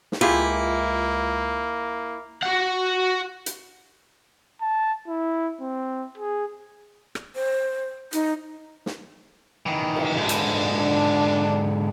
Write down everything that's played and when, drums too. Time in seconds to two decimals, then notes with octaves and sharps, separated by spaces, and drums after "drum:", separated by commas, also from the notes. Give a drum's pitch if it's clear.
0.12 drum: snare
0.21 C#2 A#3 E4 F4 G4 G#4
2.43 F#4 F#5
3.46 drum: hi-hat
4.61 A5
5.08 E4
5.61 C4
6.18 G#4
7.15 drum: rim click
7.35 C5
8.13 D#4, drum: hi-hat
8.86 drum: snare
9.66 D#3 E3
9.96 drum: cymbal
10.17 G#2 D3
10.29 drum: hi-hat
10.58 D4